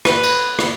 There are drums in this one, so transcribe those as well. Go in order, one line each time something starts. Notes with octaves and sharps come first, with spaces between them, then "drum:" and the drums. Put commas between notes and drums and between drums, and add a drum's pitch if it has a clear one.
B4, drum: rim click
drum: cymbal
drum: rim click